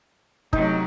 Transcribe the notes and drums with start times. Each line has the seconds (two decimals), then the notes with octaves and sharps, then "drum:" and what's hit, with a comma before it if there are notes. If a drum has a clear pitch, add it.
0.53 C3 F#3 A3 D#4, drum: kick